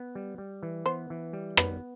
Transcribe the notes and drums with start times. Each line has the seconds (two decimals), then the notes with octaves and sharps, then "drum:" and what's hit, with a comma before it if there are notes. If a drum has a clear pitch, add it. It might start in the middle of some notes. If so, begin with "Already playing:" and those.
Already playing: B3
0.15 G3
0.38 G3
0.63 E3
0.86 B3 C5
1.10 E3
1.33 G3
1.57 B3 B4, drum: rim click